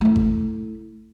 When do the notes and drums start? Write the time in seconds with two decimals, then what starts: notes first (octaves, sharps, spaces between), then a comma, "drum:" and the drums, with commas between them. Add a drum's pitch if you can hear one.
0.01 A3 E4
0.16 drum: kick G#1